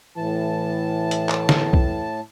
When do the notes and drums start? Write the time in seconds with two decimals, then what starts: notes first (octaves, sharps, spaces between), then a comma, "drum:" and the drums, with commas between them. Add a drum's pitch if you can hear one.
0.17 A2 E3 A5
1.11 drum: hi-hat
1.29 drum: clap
1.49 drum: snare
1.73 drum: kick